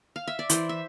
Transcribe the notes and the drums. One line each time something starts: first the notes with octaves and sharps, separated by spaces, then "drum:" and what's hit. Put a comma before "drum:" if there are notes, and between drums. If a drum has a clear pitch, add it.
F5
E5
D5
E3 C5, drum: hi-hat
E5